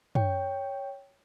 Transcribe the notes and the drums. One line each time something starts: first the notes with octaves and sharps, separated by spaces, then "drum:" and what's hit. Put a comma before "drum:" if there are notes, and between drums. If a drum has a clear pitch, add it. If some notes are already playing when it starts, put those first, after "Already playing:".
C#5 G5, drum: tom